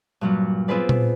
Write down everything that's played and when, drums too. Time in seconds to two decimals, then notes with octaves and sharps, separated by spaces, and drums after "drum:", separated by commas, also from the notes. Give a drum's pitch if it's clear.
0.21 G2 A#2 F#3 G3
0.68 B3 C4 F4 G#4 B4 D5
0.89 drum: tom A#2